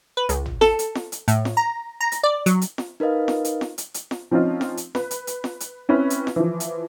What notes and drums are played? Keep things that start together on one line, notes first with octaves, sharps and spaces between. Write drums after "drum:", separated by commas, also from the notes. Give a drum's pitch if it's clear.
B4
C#2, drum: hi-hat
drum: tom G#1
A4, drum: snare
drum: hi-hat
drum: snare
drum: hi-hat
A2, drum: hi-hat
drum: snare
A#5
A#5
drum: hi-hat
D5
F#3, drum: hi-hat
drum: hi-hat
drum: snare
D#4 A#4 B4 D#5 F5
drum: snare
drum: hi-hat
drum: snare
drum: hi-hat
drum: hi-hat
drum: snare
F3 C4 C#4 D#4 F4
drum: snare
drum: hi-hat
B4, drum: snare
drum: hi-hat
drum: hi-hat
drum: snare
drum: hi-hat
C4 C#4 E4 B4
drum: hi-hat
drum: snare
E3 F3
drum: hi-hat